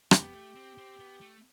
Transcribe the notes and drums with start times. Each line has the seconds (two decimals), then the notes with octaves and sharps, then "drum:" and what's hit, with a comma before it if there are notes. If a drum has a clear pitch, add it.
0.11 B3 G4, drum: rim click
0.23 B3
0.34 A3
0.56 C4
0.78 C4
1.00 B3
1.21 A3